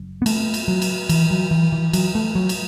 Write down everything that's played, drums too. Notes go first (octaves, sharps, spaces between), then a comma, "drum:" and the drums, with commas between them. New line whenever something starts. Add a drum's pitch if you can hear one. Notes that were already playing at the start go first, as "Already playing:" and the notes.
Already playing: F#1 F#2
B3
A3, drum: cymbal
drum: cymbal
F#3
drum: cymbal
E3, drum: cymbal
F#3
E3
E3
F#3, drum: cymbal
A3
F#3
drum: cymbal